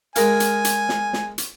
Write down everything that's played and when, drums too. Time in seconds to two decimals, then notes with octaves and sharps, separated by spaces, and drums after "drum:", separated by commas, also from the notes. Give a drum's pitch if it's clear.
0.16 G#3 A#4 F5 G#5, drum: hi-hat
0.40 drum: hi-hat
0.65 drum: hi-hat
0.89 drum: snare
1.13 drum: snare
1.38 drum: hi-hat